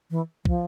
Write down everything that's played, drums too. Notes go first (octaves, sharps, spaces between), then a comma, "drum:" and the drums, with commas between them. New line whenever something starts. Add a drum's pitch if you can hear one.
E3
F3, drum: kick